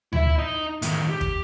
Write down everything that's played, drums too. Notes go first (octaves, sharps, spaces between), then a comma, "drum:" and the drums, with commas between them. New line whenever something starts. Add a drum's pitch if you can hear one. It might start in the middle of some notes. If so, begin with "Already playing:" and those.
E4 E5, drum: tom D2
D#4 D#5
A2 D#3, drum: hi-hat
G4
drum: kick